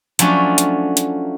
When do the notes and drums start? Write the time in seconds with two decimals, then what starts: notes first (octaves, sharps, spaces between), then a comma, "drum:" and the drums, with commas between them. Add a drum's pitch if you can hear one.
0.19 F3 F#3 A3 C#4 D4, drum: hi-hat
0.58 drum: hi-hat
0.97 drum: hi-hat